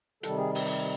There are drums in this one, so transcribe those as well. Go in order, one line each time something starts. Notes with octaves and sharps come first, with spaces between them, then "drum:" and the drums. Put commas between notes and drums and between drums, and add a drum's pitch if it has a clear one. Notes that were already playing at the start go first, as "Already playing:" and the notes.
C3 D#3 G3 A4, drum: hi-hat
G#4
drum: open hi-hat